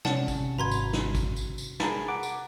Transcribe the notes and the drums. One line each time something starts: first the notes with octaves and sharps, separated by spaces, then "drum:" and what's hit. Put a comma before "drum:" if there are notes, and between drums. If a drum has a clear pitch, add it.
C3 C#4 D5 F#5 A5, drum: snare
drum: kick, tambourine
G#1 F#4 B4 A#5 C6 G#6
drum: tambourine
drum: snare
drum: kick, tambourine
drum: tambourine
drum: tambourine
G#4 A#4 B4 A5, drum: snare
F#5 D6
drum: tambourine